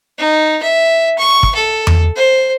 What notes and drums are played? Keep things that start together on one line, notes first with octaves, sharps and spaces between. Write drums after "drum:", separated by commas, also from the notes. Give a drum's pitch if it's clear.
D#4
E5
C#6
drum: kick
A4
drum: tom E2
C5